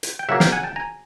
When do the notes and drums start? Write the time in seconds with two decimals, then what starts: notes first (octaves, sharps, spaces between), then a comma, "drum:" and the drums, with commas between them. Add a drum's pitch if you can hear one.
0.03 drum: hi-hat
0.19 G5
0.29 C#3 F#3 A#3 E5 F#5
0.40 F5 G5, drum: snare
0.52 F#5 G#5
0.63 G5 A5
0.76 G#5 A#5